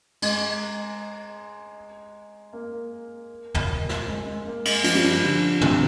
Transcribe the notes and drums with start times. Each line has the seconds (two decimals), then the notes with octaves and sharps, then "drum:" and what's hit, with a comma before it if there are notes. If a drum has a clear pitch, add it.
0.22 G#3, drum: cymbal
2.53 A#3
3.54 drum: tom
3.89 drum: snare
4.08 G#3
4.26 G#3
4.47 A#3
4.65 G#3, drum: cymbal
4.84 F3, drum: cymbal
4.95 G3
5.04 F3
5.24 D3
5.61 C3, drum: tom